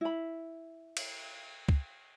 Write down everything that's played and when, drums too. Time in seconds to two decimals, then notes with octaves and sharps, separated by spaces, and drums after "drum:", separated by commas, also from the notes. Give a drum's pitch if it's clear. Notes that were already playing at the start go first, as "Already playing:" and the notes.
0.01 E4 B5
0.97 drum: cymbal
1.69 drum: kick